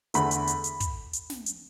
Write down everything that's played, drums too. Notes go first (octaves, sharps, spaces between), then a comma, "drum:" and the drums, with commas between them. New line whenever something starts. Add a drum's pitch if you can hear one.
E2 D3 A3 B5, drum: hi-hat
drum: hi-hat
drum: hi-hat
drum: hi-hat
drum: kick, hi-hat
drum: hi-hat
drum: snare
drum: hi-hat